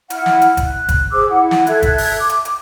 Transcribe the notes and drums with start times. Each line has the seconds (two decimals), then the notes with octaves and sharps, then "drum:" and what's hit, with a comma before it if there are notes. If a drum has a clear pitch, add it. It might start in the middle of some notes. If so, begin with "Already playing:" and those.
0.10 E4 F#5 F6, drum: hi-hat
0.26 drum: snare
0.42 drum: hi-hat
0.57 drum: kick, hi-hat
0.66 F#6
0.89 drum: kick, hi-hat
1.12 G#4 C5 D6 E6
1.29 E4 F#5
1.51 drum: snare
1.67 A4 E5 F#6 G#6, drum: hi-hat
1.82 drum: kick, hi-hat
1.98 drum: open hi-hat
2.19 D6
2.29 drum: hi-hat
2.45 drum: hi-hat